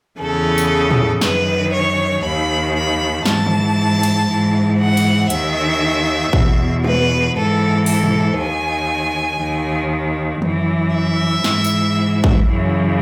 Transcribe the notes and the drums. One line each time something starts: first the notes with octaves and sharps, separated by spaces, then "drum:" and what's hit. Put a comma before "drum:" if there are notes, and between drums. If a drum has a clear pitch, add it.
E2 C#3 E3 A4
drum: tambourine
drum: tom A2
F#2 D#3 B4, drum: snare
C#5
D#2 D#3 B5
B5
G#2 E3 A5, drum: snare
drum: tom D3
drum: cymbal
G#2 E3
F#5
drum: cymbal
D#2 D#3 E5, drum: hi-hat
E2 B2, drum: kick A1
B4, drum: tom
G#2 E3 A4
A4, drum: open hi-hat
drum: tom B2
D#2 D#3 G#5
D#2 D#3
F#2, drum: tom D3
E3
E5
G#2 E3, drum: snare
drum: tambourine
drum: kick A1
F#2 C#3 E3